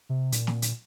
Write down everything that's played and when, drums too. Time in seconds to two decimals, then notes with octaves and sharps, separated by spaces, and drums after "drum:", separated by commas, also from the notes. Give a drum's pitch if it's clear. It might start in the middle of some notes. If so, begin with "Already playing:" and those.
0.09 C3
0.32 A#2, drum: hi-hat
0.47 drum: snare
0.62 drum: hi-hat